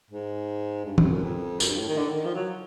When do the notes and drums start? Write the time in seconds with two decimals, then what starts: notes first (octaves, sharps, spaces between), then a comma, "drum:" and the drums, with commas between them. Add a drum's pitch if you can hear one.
0.11 G#2
0.85 G2
0.98 G2, drum: tom E3
1.10 F#2
1.23 F2
1.60 F#2, drum: tambourine
1.69 G2
1.78 A2
1.88 D#3
1.97 D3
2.09 D#3
2.25 F3
2.35 F#3